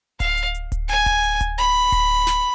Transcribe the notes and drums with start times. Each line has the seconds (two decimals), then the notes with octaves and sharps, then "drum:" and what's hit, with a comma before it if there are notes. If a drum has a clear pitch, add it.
0.20 F5, drum: kick D1, hi-hat
0.37 drum: hi-hat
0.55 drum: hi-hat
0.72 drum: kick D1, hi-hat
0.89 G#5, drum: hi-hat
1.06 drum: kick D1, hi-hat
1.23 drum: hi-hat
1.41 drum: kick D1, hi-hat
1.58 B5, drum: hi-hat
1.92 drum: kick D1, hi-hat
2.27 drum: snare